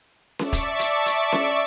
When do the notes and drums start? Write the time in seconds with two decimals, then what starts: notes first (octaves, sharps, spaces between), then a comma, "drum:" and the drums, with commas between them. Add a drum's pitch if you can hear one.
0.39 D5 E5 A5 C#6 D6, drum: snare C#4
0.53 drum: kick, hi-hat
0.79 drum: hi-hat
1.06 drum: hi-hat
1.32 drum: snare C#4